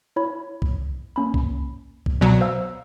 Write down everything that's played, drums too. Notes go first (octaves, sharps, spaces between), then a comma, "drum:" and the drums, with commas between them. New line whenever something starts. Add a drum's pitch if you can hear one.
E4 C#5 B5
drum: kick B1
A#3 C#4 B5
drum: kick B1
drum: kick B1
B2 F#3 D5 A#5
C5 F5 E6